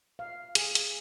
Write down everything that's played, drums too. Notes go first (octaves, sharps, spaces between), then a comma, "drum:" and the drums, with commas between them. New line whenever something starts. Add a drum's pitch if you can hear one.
F5
G#4, drum: hi-hat
drum: hi-hat